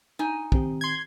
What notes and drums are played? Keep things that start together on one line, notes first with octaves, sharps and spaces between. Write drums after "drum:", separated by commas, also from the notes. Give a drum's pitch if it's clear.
D#4 G#5
D#3 C4 G4, drum: kick
C6 G#6